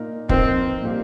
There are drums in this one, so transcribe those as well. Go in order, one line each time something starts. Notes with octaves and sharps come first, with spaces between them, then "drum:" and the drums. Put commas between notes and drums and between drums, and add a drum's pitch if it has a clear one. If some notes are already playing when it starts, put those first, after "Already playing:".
Already playing: A#2 A#3 D#4 A#4
F3 C4 D#4 A#4, drum: kick
A#2 G3 A#3 G4